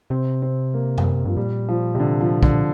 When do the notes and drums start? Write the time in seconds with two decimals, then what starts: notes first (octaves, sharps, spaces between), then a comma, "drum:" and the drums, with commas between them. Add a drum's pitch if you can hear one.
0.10 C3 C4
0.42 C4
0.74 A#3
0.98 drum: tom F#2
1.25 G2 F3
1.37 A#2 G3
1.68 F3
1.95 C3
2.00 D3
2.21 F3
2.43 D3, drum: kick